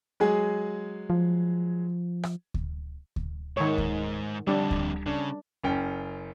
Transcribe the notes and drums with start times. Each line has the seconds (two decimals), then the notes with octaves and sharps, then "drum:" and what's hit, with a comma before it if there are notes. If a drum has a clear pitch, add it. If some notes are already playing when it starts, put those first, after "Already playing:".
0.20 F#3 G#3 G#4
1.10 F3
2.23 drum: rim click
2.54 drum: kick D2
3.16 drum: kick D2
3.57 G#2 D#3 C#5
3.78 drum: kick D2
4.47 F2 D3 G3 D4
4.71 drum: kick D2
5.06 C#3 D4
5.63 F#1 C#4 G5